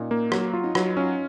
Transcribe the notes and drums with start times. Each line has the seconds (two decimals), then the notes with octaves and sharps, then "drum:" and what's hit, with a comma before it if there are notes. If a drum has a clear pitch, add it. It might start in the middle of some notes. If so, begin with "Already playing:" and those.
Already playing: A#2 C#4 D#4
0.11 A#3
0.32 F#3, drum: rim click
0.54 F4
0.64 D#4
0.75 F#3, drum: rim click
0.97 C#4 F4